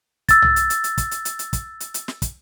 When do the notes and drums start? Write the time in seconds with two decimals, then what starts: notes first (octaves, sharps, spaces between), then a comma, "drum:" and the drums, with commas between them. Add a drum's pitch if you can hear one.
0.29 E6 A6, drum: kick, hi-hat
0.42 drum: tom C2
0.56 drum: hi-hat
0.70 drum: hi-hat
0.84 drum: hi-hat
0.98 drum: kick, hi-hat
1.11 drum: hi-hat
1.25 drum: hi-hat
1.39 drum: hi-hat
1.53 drum: kick, hi-hat
1.80 drum: hi-hat
1.94 drum: hi-hat
2.08 drum: snare
2.22 drum: kick, hi-hat